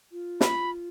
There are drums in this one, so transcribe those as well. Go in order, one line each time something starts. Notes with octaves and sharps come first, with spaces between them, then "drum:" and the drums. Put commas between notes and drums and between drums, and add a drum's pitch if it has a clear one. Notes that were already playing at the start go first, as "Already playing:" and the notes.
F4
B5, drum: snare